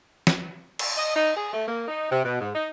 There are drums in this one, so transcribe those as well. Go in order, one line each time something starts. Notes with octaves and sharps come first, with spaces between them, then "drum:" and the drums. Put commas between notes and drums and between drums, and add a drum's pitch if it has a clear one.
drum: snare
drum: cymbal
D#5
D#4
G#4
A3
A#3
D#4
C3
B2
G#2
D#4